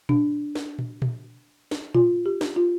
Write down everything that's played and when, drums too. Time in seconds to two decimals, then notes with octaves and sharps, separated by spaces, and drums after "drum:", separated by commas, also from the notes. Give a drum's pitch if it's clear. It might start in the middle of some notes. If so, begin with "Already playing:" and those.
0.09 D4, drum: tom A#2
0.55 drum: snare
0.79 drum: tom A#2
1.02 drum: tom A#2
1.71 drum: snare
1.95 F4, drum: tom A#2
2.26 G4
2.41 drum: snare
2.56 F4